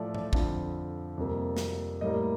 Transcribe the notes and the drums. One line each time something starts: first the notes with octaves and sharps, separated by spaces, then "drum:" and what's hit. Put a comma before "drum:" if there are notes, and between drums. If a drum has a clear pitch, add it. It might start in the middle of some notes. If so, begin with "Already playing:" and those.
Already playing: A2 F3 A3 D5
D5, drum: tom G#2
F2 D3 F3, drum: kick
F2 C3 G3 A#3
drum: snare
A2 G3 A#3 D#5